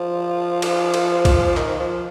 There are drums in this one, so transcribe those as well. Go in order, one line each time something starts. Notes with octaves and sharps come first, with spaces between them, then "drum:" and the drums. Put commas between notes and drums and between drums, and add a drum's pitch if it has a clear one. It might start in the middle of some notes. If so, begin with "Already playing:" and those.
Already playing: F3
drum: cymbal
drum: cymbal
drum: kick B1, cymbal
D#3, drum: clap
F3